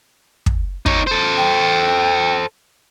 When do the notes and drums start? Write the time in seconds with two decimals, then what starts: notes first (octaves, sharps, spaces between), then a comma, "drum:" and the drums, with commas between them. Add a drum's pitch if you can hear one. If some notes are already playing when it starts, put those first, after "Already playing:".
0.46 drum: kick
0.86 D#4 C#5, drum: kick
1.07 A4 C5
1.37 G5